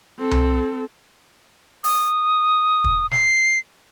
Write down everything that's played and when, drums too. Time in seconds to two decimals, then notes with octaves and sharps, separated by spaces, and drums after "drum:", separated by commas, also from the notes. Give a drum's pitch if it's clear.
0.18 C4 A4
0.31 drum: tom C2
1.84 D#6, drum: open hi-hat
2.84 drum: kick
3.11 C7, drum: snare